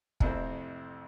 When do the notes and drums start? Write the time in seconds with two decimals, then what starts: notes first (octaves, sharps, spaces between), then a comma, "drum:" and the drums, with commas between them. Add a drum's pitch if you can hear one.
0.20 A1 F2 C3 E4 C5, drum: kick